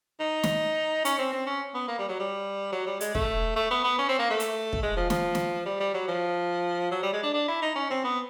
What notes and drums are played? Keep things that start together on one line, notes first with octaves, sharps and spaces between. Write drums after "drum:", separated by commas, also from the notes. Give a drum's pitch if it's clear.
D#4
drum: snare
C#4, drum: hi-hat
C4
C4
C#4
B3
A#3
G3
F#3
G3
F#3
G3
G#3, drum: hi-hat
A3, drum: kick
A3
B3
B3
C#4
C4
A#3
A3
drum: hi-hat
drum: kick
G#3
F3
F3, drum: snare
drum: snare
G3
G3
F#3
F3
F#3
G3
G#3
D4
D4
E4
D#4
C#4
C4
B3